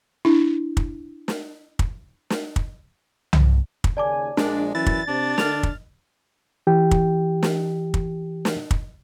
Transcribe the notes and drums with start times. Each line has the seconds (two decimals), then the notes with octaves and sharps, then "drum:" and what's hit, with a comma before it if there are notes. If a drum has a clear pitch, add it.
0.25 D4 E4
0.77 drum: kick
1.28 drum: snare
1.79 drum: kick
2.30 drum: snare
2.56 drum: kick
3.33 drum: tom C2
3.84 drum: kick
3.97 D#2 C#3 D5 G#5 A5 D6
4.37 A#1 G#3 D4, drum: snare
4.75 F#2 E3 A6
4.86 drum: kick
5.08 C3 C4 D4
5.38 D3 F6 F7, drum: snare
5.63 drum: kick
6.67 E3 G4 G5
6.91 drum: kick
7.43 drum: snare
7.94 drum: kick
8.45 drum: snare
8.71 drum: kick